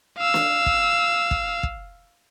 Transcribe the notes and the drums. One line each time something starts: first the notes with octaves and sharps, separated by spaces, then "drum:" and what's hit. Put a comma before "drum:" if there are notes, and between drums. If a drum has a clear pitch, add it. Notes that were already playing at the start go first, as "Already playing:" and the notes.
F5 E6
drum: snare
drum: kick
drum: kick
drum: kick